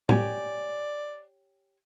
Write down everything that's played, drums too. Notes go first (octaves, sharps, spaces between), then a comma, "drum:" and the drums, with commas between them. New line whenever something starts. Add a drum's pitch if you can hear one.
G4 C#5 D5 G#5, drum: tom A2